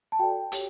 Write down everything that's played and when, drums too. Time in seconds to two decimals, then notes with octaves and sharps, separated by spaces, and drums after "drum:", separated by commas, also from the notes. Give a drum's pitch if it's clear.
0.12 A5
0.19 F#4 A4 D5 G5
0.52 G4 C#5, drum: hi-hat